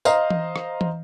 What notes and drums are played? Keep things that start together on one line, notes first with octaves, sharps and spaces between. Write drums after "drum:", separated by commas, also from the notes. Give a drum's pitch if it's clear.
C5 D#5 F5 A#5, drum: tambourine
drum: tom E3
drum: rim click
drum: tom E3